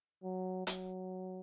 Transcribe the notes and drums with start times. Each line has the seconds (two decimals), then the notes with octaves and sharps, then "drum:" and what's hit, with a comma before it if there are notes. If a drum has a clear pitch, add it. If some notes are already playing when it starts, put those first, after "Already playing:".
0.24 F#3
0.67 F#3, drum: hi-hat